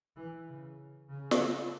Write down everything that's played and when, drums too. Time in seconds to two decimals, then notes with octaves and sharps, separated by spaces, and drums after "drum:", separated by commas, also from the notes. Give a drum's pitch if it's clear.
0.16 E3
0.47 C#3
1.09 C#3
1.31 drum: snare